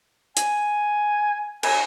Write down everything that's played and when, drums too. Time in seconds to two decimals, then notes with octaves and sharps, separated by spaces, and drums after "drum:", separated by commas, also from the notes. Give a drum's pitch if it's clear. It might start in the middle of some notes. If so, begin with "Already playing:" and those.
0.37 G#5, drum: hi-hat
1.63 G#5, drum: cymbal